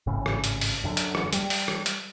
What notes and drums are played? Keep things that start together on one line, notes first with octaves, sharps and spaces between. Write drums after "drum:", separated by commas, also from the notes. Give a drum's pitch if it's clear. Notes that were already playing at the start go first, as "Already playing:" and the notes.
G#1 A2 C#3
drum: rim click
drum: hi-hat
drum: open hi-hat
F#2 D3
drum: hi-hat
drum: rim click
G3, drum: hi-hat
drum: open hi-hat
drum: rim click
drum: hi-hat